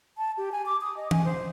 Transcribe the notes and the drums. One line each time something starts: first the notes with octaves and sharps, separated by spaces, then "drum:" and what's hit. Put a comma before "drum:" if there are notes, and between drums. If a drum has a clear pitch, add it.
A5
G4
G#5
D6
D#6
D#5
G#5, drum: tom
C5